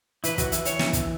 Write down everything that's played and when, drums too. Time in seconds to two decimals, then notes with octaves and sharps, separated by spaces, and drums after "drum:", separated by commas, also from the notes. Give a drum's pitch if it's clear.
0.24 E3 E4 B4, drum: hi-hat
0.38 F#3 F#4, drum: kick, hi-hat
0.52 E3 E4, drum: hi-hat
0.65 E3 E4 C#5, drum: hi-hat
0.79 drum: snare
0.93 drum: kick, hi-hat